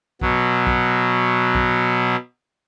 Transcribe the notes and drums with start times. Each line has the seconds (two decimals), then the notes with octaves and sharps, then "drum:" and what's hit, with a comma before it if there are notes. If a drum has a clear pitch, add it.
0.21 B2 F#3, drum: kick B1
0.67 drum: kick B1
1.55 drum: kick B1